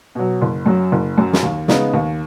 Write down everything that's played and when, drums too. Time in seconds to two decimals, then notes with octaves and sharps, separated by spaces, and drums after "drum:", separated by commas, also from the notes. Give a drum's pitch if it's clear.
0.15 B2 F#3
0.42 F#1
0.66 F#2 F#3
0.92 F#1
1.18 F#2 F#3
1.33 drum: snare
1.43 D#2
1.68 C#3 G#3 B3 D#4, drum: snare
1.94 D#2